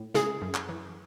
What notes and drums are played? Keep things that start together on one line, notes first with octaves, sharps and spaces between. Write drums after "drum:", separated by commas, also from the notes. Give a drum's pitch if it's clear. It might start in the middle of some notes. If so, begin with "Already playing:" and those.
Already playing: A2
C#3 G#4, drum: snare
F#2
drum: clap
E3